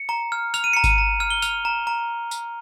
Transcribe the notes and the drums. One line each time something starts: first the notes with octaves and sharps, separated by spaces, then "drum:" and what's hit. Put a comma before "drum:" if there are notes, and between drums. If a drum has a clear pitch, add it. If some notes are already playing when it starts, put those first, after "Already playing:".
Already playing: C#7
A#5
F6
F6 F7, drum: tambourine
D#7
A#5 C#7
D#7, drum: kick G#1, tambourine
A#5
F6
G7
F6 F7, drum: tambourine
A#5
A#5
drum: tambourine